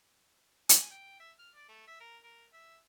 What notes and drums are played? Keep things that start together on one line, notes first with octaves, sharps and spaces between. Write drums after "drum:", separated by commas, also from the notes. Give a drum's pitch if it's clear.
G#5, drum: hi-hat
G5
E5
F6
D5
A3
E5
A#4
A#4
E5